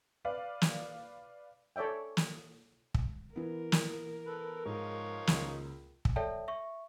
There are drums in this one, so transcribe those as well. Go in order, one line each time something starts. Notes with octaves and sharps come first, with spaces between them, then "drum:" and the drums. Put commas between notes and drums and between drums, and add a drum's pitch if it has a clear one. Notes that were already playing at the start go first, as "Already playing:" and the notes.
B4 D5 F5
drum: snare
A4 C#5 D5 E5 G5
drum: snare
drum: kick
E3 B3 A#4
drum: snare
A4 B4
G#2 F3 D#4 C#5
C#2, drum: snare
drum: kick
A4 C#5 D5 E5 G5 A5
E5 C#6